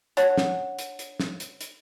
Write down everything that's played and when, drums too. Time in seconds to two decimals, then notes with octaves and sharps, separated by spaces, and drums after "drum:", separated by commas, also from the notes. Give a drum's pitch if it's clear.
0.17 D4 C#5 F#5, drum: hi-hat
0.38 drum: snare
0.79 drum: hi-hat
0.99 drum: hi-hat
1.20 drum: snare
1.40 drum: hi-hat
1.61 drum: hi-hat